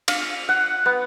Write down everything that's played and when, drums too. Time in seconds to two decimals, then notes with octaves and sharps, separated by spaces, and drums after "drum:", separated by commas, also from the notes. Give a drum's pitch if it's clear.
0.08 F5, drum: cymbal
0.49 F#5
0.86 B3